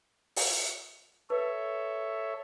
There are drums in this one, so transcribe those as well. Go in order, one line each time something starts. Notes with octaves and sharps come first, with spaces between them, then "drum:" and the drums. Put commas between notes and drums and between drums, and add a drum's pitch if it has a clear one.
drum: open hi-hat
A4 B4 C#5 E5